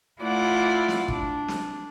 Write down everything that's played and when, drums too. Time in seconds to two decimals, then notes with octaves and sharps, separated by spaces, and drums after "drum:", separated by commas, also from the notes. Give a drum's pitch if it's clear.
0.20 A3 E4 F4 D5 F#5
0.88 drum: snare
1.08 D4, drum: kick
1.48 drum: snare